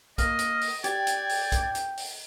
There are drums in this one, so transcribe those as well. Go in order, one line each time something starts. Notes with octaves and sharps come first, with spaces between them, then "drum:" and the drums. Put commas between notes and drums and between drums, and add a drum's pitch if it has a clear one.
A#3 D#5 F6, drum: kick, hi-hat
drum: hi-hat
drum: open hi-hat
G4 D5 G5 G#6, drum: hi-hat
drum: hi-hat
drum: open hi-hat
drum: kick, hi-hat
drum: hi-hat
drum: open hi-hat